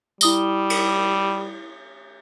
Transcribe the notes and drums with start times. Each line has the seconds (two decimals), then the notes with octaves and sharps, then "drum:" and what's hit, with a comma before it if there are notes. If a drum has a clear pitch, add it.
0.21 G3 E4 D#6 G7, drum: tambourine
0.70 drum: cymbal